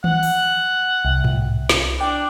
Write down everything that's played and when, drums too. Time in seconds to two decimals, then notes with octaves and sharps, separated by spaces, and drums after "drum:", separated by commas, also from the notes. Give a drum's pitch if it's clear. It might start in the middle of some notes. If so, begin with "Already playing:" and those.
0.04 F#5, drum: tom D#3
0.23 drum: open hi-hat
1.05 C2
1.24 drum: tom G#2
1.69 drum: snare
2.01 D4 G5